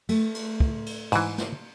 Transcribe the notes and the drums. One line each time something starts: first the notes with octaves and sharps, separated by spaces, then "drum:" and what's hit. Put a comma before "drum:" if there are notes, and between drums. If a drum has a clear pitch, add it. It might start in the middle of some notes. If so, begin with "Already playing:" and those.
A3, drum: cymbal
drum: cymbal
drum: kick
drum: cymbal
G#2 E3, drum: cymbal
drum: snare